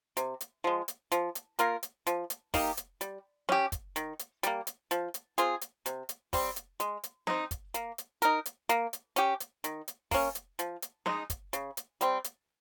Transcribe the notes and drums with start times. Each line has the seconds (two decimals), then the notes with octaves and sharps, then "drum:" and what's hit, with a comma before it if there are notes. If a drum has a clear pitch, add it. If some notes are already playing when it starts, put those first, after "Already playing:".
0.17 C3, drum: hi-hat
0.41 drum: hi-hat
0.64 F3 G#3
0.88 drum: hi-hat
1.12 F3, drum: hi-hat
1.35 drum: hi-hat
1.59 A#3 F4 A#4, drum: hi-hat
1.83 drum: hi-hat
2.07 F3, drum: hi-hat
2.30 drum: hi-hat
2.54 A#3 D#4 G4, drum: kick, open hi-hat
2.77 drum: hi-hat
3.01 G3, drum: hi-hat
3.49 C#4 G4, drum: snare
3.72 drum: kick, hi-hat
3.96 D#3, drum: hi-hat
4.19 drum: hi-hat
4.43 G3 A#3, drum: hi-hat
4.67 drum: hi-hat
4.91 F3, drum: hi-hat
5.14 drum: hi-hat
5.38 C4 F4 G#4, drum: hi-hat
5.61 drum: hi-hat
5.86 C3, drum: hi-hat
6.09 drum: hi-hat
6.33 G3 C4, drum: kick, open hi-hat
6.56 drum: hi-hat
6.80 G#3, drum: hi-hat
7.03 drum: hi-hat
7.27 C4 D#4, drum: snare
7.51 drum: kick, hi-hat
7.74 A#3, drum: hi-hat
7.98 drum: hi-hat
8.22 D#4 A#4, drum: hi-hat
8.46 drum: hi-hat
8.69 A#3, drum: hi-hat
8.93 drum: hi-hat
9.16 C#4 G4, drum: hi-hat
9.40 drum: hi-hat
9.64 D#3, drum: hi-hat
9.88 drum: hi-hat
10.11 A#3 C#4, drum: kick, open hi-hat
10.35 drum: hi-hat
10.59 F3, drum: hi-hat
10.82 drum: hi-hat
11.06 G#3 D#4, drum: snare
11.30 drum: kick, hi-hat
11.53 C#3, drum: hi-hat
11.77 drum: hi-hat
12.01 G3 C4, drum: hi-hat
12.24 drum: hi-hat